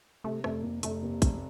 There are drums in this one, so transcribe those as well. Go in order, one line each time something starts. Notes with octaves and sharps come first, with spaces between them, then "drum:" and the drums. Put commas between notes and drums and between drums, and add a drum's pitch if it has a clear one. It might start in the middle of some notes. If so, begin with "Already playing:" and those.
C3 A3
F1 A3, drum: rim click
F1 A#3
F1 A3, drum: hi-hat
C3 A#3
F1 A3, drum: kick, hi-hat